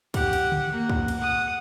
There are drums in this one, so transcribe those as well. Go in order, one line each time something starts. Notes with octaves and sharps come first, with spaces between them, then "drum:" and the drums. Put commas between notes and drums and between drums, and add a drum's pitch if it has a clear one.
G4 F#5, drum: kick, cymbal
drum: cymbal
drum: tom C#3
A#3 F#5
drum: kick
drum: cymbal
F#5 D#6